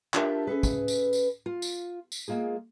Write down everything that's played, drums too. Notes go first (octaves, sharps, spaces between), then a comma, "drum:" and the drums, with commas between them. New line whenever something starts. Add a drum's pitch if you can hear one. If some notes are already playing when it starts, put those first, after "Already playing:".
D4 F4 G4 A4 A#4 E5, drum: clap
C#4 G#4 A4 B4
drum: kick, tambourine
drum: tambourine
drum: tambourine
F4
drum: tambourine
drum: tambourine
G#3 A#3 F4 G#4